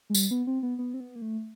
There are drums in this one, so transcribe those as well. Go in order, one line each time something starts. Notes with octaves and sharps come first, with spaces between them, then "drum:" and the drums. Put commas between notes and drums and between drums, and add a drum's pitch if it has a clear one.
G#3
G3, drum: tambourine
B3
C4
B3
B3
C4
B3
A#3
A3